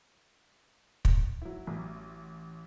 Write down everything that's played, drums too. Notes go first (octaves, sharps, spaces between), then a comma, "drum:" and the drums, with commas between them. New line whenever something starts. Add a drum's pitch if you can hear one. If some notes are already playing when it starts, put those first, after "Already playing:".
drum: kick
F#3 E4
A1